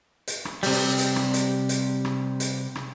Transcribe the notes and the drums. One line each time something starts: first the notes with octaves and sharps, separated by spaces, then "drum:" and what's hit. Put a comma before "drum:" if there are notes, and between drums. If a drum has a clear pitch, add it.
drum: hi-hat
drum: rim click
C3 G3, drum: open hi-hat
drum: hi-hat
drum: rim click
drum: hi-hat
drum: hi-hat
drum: rim click
drum: hi-hat
drum: rim click